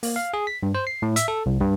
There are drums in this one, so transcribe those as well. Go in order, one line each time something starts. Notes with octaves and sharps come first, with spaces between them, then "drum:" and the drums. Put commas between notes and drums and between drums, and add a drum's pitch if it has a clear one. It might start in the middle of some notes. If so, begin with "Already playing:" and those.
A#3, drum: open hi-hat
F5
G#4
B6
G2
C5
C7
A2
E5, drum: hi-hat
A4
C2
G2